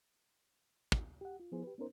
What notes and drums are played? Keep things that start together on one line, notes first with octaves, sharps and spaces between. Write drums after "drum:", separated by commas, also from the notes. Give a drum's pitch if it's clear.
drum: kick
G4 F#5
F4
F3 B3 E4 G#4 C5
G4 B4
B3 C#4 D#4 A#4 C5